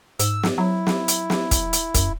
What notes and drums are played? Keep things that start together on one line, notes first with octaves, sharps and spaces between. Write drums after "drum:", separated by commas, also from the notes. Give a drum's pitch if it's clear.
G#2 E6, drum: hi-hat
drum: snare
F#3 E4
drum: snare
drum: hi-hat
drum: snare
drum: kick, hi-hat
drum: hi-hat
F#2, drum: kick, hi-hat